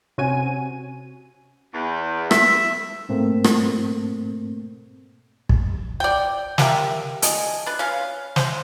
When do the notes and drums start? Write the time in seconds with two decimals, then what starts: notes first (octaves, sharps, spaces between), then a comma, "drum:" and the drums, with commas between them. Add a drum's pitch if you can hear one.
0.18 C3 C4 C#4 F#4 G#5 D#7
1.72 E2
2.31 E5, drum: rim click
3.09 G#2 B2 A3 A#3 C4
3.44 drum: rim click
5.49 drum: kick
6.00 D5 G5
6.58 A#3 G4 A#4 E5, drum: snare
7.22 A4 D#5 G#5, drum: hi-hat
7.66 D4 B4
7.79 C#4 F5
8.36 C5, drum: snare